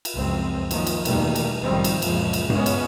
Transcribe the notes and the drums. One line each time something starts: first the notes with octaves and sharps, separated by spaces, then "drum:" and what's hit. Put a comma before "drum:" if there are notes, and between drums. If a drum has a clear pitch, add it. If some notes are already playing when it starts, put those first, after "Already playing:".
drum: cymbal
C#2 F#2 F3 C4
D#3 F3 F#3 A#3, drum: cymbal
drum: cymbal
E2 B2 D#3 G3 A3 A#3, drum: cymbal
drum: cymbal
B1 G#2 D#3 F3 G3 C4
drum: cymbal
C#2 F#2 A#2 C#3 F3, drum: cymbal
drum: cymbal
A#2 G#3 B3 C#4, drum: tom G2
drum: cymbal